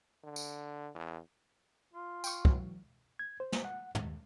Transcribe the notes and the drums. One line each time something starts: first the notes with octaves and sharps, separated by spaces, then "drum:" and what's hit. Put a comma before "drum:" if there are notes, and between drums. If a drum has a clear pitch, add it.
D3
drum: tambourine
E2
F4
G5 C#6, drum: tambourine
E3 F#3, drum: kick
G#6
C5
drum: snare
F#5
D#2, drum: tom